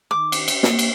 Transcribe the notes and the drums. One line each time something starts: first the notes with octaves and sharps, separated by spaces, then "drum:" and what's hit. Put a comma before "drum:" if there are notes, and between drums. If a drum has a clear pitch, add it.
D#3 D6
drum: cymbal
drum: cymbal
A#3, drum: snare
drum: cymbal